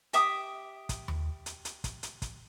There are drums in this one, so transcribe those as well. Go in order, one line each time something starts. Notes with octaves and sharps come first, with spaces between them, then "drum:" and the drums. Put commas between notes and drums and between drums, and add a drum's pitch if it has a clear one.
G4 E5 D6 D#6, drum: hi-hat
drum: kick, hi-hat
drum: tom D#2
drum: hi-hat
drum: hi-hat
drum: kick, hi-hat
drum: hi-hat
drum: kick, hi-hat